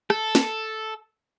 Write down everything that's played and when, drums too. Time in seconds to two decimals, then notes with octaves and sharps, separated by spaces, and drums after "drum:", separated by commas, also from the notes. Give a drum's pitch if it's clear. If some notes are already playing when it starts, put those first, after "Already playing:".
0.10 A4, drum: rim click
0.35 drum: snare